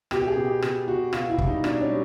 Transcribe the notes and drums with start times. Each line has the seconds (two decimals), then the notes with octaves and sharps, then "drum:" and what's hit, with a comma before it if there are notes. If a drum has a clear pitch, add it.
0.11 B2 G4, drum: rim click
0.22 G4
0.28 G#4
0.36 B2
0.45 G4
0.62 B2, drum: rim click
0.87 B2 F#4
1.13 B2 F4, drum: rim click
1.30 E4
1.38 G3, drum: kick
1.47 D#4
1.64 B2 D4, drum: rim click
1.81 C#4
1.89 G3